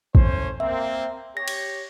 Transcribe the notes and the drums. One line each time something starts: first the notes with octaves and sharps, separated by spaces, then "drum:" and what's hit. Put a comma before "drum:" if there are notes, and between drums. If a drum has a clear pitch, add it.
A3 C#4 C5, drum: kick
A#3 C4 E5
G4 C#5 A#6
drum: cymbal